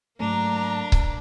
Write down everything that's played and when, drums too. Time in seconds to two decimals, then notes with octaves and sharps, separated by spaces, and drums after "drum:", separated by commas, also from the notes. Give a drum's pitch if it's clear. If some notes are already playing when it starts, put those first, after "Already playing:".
0.20 G#2 F#3 A3 A#3 D4 A#5
0.92 drum: kick C#1